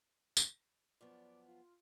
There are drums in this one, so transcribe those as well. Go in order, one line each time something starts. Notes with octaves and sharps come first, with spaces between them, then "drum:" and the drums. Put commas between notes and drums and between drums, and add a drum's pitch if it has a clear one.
drum: tambourine
F#2 F3 B3 D5
F4